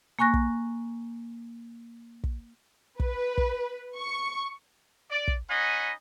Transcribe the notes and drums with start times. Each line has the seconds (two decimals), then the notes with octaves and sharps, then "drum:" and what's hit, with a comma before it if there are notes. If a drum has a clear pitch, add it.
0.19 A#3 G#5 C#6 F#6 A#6
0.34 drum: kick
2.24 drum: kick
3.00 B4, drum: kick
3.38 drum: kick
3.97 C#6
5.11 D5
5.28 drum: kick
5.50 C#4 D#4 D#5 F#5 G#5 B5